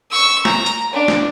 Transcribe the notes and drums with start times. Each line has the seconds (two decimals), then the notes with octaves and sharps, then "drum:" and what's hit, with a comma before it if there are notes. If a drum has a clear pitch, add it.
0.11 C#6 E6
0.45 A#5, drum: snare
0.66 drum: hi-hat
0.93 D4
1.08 drum: snare